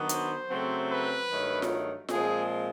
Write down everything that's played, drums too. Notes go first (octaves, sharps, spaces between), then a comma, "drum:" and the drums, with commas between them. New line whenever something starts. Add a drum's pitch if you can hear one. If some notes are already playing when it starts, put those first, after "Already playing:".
Already playing: D#3 F#3 B3 D4
C5, drum: hi-hat
C#3 F#3 A3 C4
B4
G2 D#3 F#3 A3
drum: snare F4
A#2 F3 G#3 C4 G#4, drum: snare F4